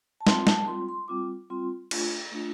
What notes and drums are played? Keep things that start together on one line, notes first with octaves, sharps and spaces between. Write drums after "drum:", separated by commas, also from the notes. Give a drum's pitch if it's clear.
A5
G3 C4 F4 C6, drum: snare
A5, drum: snare
G3 C4 F4 C6
C6
G3 C4 F4 D6
G3 C4 F4 C6
A3 D4 F4, drum: cymbal
A3 D4 F4